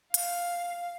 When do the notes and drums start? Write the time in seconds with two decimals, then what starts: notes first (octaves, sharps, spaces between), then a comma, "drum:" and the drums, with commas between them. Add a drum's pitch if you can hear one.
0.14 F5, drum: hi-hat